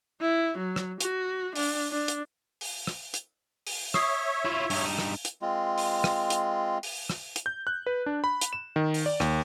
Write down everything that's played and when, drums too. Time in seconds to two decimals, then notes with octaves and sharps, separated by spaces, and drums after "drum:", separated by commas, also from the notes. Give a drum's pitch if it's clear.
0.21 E4
0.58 F#3
0.76 drum: rim click
1.00 F#4, drum: hi-hat
1.55 D4, drum: open hi-hat
1.90 D4
2.08 drum: hi-hat
2.61 drum: open hi-hat
2.87 drum: rim click
3.14 drum: hi-hat
3.67 drum: open hi-hat
3.94 C#5 E5 C#6 D#6 C7, drum: rim click
4.45 E4 F4
4.70 G2 D#4, drum: open hi-hat
4.98 drum: rim click
5.25 drum: hi-hat
5.42 G#3 C4 F4
5.78 drum: open hi-hat
6.04 drum: rim click
6.30 drum: hi-hat
6.83 drum: open hi-hat
7.10 drum: rim click
7.36 drum: hi-hat
7.46 G6
7.67 F#6
7.86 B4
8.06 D4
8.24 B5
8.41 drum: hi-hat
8.53 E7
8.76 D#3
8.94 drum: open hi-hat
9.06 D5
9.20 D#2, drum: rim click